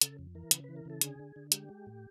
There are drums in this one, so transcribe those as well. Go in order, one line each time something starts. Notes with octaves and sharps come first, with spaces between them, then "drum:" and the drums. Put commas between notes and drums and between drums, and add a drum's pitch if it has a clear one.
C#3 A4, drum: hi-hat
F2
E3 A#4
C#3 B4, drum: hi-hat
E3 B4
A#4
C#3 A4
D3 G#4, drum: hi-hat
D3
D3
G#3 G4, drum: hi-hat
G#3
A2